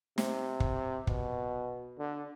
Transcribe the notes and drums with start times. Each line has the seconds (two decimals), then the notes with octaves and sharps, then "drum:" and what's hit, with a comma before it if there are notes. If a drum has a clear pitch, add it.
0.18 C3, drum: snare
0.60 drum: kick
1.07 B2, drum: kick
1.98 D3